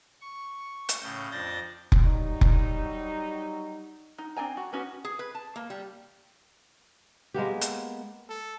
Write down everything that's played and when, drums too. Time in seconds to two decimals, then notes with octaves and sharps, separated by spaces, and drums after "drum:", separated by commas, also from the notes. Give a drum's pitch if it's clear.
0.21 C#6
0.89 drum: hi-hat
1.02 A2 C#3 G6
1.32 F2 D4 G6 A6 A#6
1.92 drum: kick F1
2.01 F#3 G3 D#4
2.41 drum: kick F1
4.18 D#4
4.37 C4 D4 G#5 A#5
4.57 F#4
4.73 B3 C#4 F#4
5.05 G#4
5.19 B4
5.35 A5
5.56 A#3
5.70 G3
7.34 G#3 A#3 B3 G4
7.61 drum: hi-hat
8.29 A4